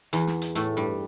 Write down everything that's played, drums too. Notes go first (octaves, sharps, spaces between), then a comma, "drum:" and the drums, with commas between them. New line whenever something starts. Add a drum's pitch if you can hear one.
E2 E3, drum: hi-hat
drum: snare
drum: hi-hat
A2 A3, drum: hi-hat
G2 G3